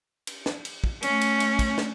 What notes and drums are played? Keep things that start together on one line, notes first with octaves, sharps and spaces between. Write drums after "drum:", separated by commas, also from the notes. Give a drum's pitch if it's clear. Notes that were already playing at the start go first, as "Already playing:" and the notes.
drum: cymbal
drum: snare
drum: cymbal
drum: kick
A3 C#4, drum: cymbal
drum: cymbal
drum: cymbal
drum: kick, cymbal
drum: snare